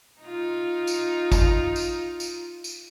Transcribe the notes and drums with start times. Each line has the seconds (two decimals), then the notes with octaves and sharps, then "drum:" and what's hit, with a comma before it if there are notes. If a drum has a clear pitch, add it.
0.21 D#4 F4
0.87 drum: tambourine
1.32 drum: kick, tambourine
1.76 drum: tambourine
2.20 drum: tambourine
2.64 drum: tambourine